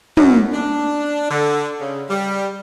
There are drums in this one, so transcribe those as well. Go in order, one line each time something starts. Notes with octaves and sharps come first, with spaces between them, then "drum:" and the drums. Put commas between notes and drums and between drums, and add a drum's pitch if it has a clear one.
F#2, drum: tom
D4
D3
C#3
G3